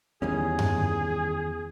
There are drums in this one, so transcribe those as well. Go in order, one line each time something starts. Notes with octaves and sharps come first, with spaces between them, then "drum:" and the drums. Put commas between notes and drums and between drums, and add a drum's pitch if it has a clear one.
E2 D#3 G3 C#4 G#4
drum: tom F#2